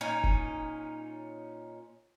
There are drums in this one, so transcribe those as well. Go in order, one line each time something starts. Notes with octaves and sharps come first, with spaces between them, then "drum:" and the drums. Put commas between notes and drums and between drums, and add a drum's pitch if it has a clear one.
A#2 C#4 D#4
drum: kick F1